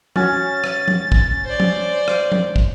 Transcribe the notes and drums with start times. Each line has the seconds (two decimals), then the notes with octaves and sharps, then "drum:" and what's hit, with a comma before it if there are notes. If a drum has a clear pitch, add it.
0.16 C#4 F#4 G#5 A6, drum: tom
0.64 drum: rim click
0.88 drum: tom
1.12 drum: kick
1.45 C5 D5
1.60 drum: tom
2.08 drum: rim click
2.32 drum: tom
2.56 drum: kick